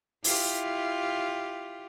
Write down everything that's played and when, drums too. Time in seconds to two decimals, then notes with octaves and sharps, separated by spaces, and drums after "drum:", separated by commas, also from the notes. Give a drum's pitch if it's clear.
0.24 E4 F4 G4, drum: open hi-hat